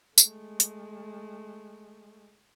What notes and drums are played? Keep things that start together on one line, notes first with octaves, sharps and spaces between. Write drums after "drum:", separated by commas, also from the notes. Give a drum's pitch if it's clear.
G#3 A3, drum: tambourine
drum: hi-hat